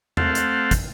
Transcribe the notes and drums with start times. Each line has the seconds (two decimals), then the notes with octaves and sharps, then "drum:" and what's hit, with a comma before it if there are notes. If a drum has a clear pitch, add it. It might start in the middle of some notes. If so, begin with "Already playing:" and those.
0.17 A3 C4 A4 C5 F5 F#5, drum: tom E2
0.35 drum: hi-hat
0.71 drum: kick, hi-hat